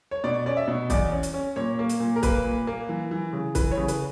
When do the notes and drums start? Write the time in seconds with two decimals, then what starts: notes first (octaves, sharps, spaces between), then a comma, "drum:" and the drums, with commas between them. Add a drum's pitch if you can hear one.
0.11 C#5
0.24 B2 D5
0.46 C#4 D5
0.57 E5
0.68 B2
0.90 E2 D5, drum: kick, hi-hat
1.12 C#4
1.23 drum: hi-hat
1.34 C#4
1.56 A#2 C#5
1.79 A#3
1.89 drum: hi-hat
2.00 A#2
2.16 A#4
2.23 A#3 B4, drum: kick, hi-hat
2.45 A#2
2.67 A#3
2.89 E3
3.11 E3
3.33 C#3
3.55 E3 B4, drum: kick, hi-hat
3.71 C#5
3.77 C#3
3.88 B4, drum: hi-hat